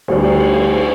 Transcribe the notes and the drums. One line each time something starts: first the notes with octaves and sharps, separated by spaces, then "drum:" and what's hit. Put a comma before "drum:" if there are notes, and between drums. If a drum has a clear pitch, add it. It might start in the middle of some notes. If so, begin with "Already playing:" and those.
D2 D3 G3, drum: cymbal